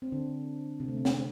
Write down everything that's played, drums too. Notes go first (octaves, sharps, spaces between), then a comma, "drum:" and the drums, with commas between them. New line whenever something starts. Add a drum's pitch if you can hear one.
C4
D3 D4
C3 C4
A3
C3 C4
D3 D4, drum: snare